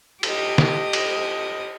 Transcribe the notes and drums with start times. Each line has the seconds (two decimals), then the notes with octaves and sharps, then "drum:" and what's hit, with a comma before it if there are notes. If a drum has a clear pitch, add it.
0.23 G4 D#5, drum: cymbal
0.58 drum: snare
0.93 drum: cymbal